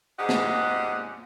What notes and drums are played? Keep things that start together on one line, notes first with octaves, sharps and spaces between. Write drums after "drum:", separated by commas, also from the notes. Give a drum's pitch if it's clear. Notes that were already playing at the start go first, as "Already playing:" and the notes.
G#2 G#3 G4 D5 D#5 F#5
drum: snare